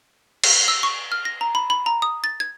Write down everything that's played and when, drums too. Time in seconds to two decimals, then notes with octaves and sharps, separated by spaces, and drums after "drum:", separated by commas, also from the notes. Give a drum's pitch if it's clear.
0.44 drum: cymbal
0.68 E6
0.83 C#6
1.12 F6
1.25 A#6
1.41 A#5
1.55 B5
1.70 B5
1.86 A#5
2.02 D#6
2.24 A6
2.40 G#6